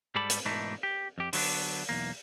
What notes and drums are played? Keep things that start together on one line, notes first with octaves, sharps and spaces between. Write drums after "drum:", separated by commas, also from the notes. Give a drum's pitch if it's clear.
G#2 G3 A4 D5 B5
drum: hi-hat
G#2 B2 E3 A3 D4 D#4
G4
F2 G4
D3 F#3 G#3 B3 D4, drum: open hi-hat
B1 E2 A#3